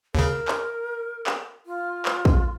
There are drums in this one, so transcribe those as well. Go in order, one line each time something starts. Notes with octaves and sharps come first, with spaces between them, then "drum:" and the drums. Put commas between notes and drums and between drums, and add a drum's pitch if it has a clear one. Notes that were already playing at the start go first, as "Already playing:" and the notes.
D#2 C#3 A#4
drum: clap
drum: clap
F4
drum: clap
drum: kick